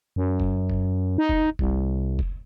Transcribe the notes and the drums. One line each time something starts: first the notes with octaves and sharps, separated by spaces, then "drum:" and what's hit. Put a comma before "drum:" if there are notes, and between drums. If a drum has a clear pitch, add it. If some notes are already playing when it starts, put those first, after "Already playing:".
F#2
drum: kick F1
drum: kick F1
D#4
drum: kick F1
C2, drum: kick F1
drum: kick F1